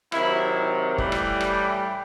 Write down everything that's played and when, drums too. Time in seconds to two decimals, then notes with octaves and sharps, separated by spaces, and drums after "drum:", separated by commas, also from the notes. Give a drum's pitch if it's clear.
0.12 C3 D#3 F#3 E4, drum: rim click
0.98 A2 E3 G3, drum: kick F1
1.12 drum: rim click
1.41 drum: rim click